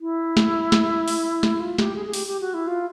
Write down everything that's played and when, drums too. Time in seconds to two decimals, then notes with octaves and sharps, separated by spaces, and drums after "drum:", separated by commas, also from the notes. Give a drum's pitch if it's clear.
0.01 E4
0.37 drum: snare
0.72 drum: snare
1.08 drum: open hi-hat
1.43 drum: snare
1.60 F4
1.78 G4, drum: snare
1.96 G#4
2.06 G#4
2.13 G4, drum: open hi-hat
2.27 G4
2.41 F#4
2.54 E4
2.67 F4